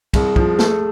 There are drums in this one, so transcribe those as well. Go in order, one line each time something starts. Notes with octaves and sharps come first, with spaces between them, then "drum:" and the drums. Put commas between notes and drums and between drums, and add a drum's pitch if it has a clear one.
C2 G#4, drum: kick, cymbal
F3, drum: kick
A3, drum: snare